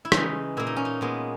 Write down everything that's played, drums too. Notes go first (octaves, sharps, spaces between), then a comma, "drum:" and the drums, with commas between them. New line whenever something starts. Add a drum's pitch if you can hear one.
E4
C#3 E3 G#3 D#4, drum: rim click
A#2 A#3 E4
D#4
C#4
D#4
A#2 G#3 B3